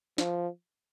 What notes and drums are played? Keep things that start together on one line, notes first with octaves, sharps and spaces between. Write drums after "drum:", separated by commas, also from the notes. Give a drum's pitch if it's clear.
F3, drum: snare